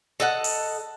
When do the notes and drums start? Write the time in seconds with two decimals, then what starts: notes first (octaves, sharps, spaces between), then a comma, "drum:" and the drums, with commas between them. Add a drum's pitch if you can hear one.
0.20 A4 D#5 F#5
0.44 drum: open hi-hat